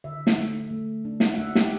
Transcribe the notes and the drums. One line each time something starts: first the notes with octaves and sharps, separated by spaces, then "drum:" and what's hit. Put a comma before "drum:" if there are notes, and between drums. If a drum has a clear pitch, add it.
D3 E5
drum: snare
A3
A3
D4
drum: snare
F#5
D4 E5
G4, drum: snare